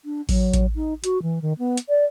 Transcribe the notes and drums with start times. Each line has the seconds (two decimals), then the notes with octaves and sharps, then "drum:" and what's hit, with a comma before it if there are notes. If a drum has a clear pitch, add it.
0.05 D4
0.29 F#3, drum: kick A1, open hi-hat
0.53 drum: kick A1, hi-hat
0.75 D#4
1.04 F#4, drum: hi-hat
1.22 E3
1.42 D#3
1.59 B3
1.77 drum: hi-hat
1.89 D5